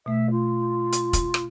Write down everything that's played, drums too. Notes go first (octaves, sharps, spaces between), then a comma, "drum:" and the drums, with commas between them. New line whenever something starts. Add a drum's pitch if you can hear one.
B2 A3 E5
F4
drum: hi-hat
drum: kick, hi-hat
drum: rim click